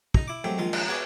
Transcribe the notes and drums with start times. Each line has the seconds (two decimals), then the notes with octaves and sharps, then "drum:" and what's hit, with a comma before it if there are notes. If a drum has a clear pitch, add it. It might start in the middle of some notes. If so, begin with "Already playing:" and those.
0.14 D#4 A#5, drum: kick
0.28 E4 D6
0.44 F#3 G#3 A3 C4 G4
0.58 A#1 D#3 G#3 F4 C6
0.73 drum: cymbal
0.87 B3 F#4 G#4 C#5 D5